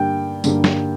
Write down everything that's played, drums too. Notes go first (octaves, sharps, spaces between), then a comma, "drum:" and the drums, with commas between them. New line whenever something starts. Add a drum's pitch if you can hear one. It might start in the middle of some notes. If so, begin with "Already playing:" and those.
Already playing: G2 D3 G3 A#3 G5
G2 D3 G3 A#3, drum: tambourine
drum: snare